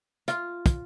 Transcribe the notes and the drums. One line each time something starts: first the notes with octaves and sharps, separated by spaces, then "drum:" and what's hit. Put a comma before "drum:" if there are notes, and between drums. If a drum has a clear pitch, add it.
F4, drum: hi-hat
drum: kick, hi-hat